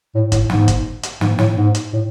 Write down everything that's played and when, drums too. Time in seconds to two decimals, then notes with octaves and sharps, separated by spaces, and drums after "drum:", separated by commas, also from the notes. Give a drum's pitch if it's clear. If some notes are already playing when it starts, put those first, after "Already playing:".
0.15 A2
0.32 A2, drum: kick, hi-hat
0.50 G#2, drum: snare
0.68 drum: kick, hi-hat
1.03 drum: hi-hat
1.21 G#2, drum: snare
1.39 A2, drum: snare
1.56 G#2
1.75 drum: hi-hat
1.93 A2